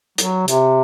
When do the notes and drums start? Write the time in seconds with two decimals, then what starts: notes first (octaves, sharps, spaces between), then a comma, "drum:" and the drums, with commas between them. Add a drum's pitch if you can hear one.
0.18 F#3, drum: hi-hat
0.48 C3, drum: hi-hat